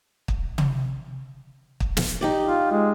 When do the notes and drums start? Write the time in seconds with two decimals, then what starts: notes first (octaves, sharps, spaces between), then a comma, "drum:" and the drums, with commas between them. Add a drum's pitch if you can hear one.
0.28 drum: kick
0.58 drum: tom
1.80 drum: kick
1.97 drum: snare
2.21 D#4 G4 D5
2.46 F4
2.71 G#3